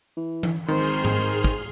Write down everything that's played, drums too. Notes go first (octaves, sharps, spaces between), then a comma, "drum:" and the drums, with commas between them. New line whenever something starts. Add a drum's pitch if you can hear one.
E3
drum: tom E3
G#1 D#3 G#4 C5 C6 F6, drum: tambourine
drum: tom G#2
drum: kick